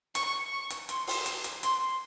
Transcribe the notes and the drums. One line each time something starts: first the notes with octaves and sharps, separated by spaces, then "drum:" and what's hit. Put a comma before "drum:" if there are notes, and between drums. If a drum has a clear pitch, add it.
C#6, drum: hi-hat
C#6
drum: hi-hat
C6, drum: hi-hat
drum: open hi-hat
drum: hi-hat
drum: hi-hat
C6, drum: hi-hat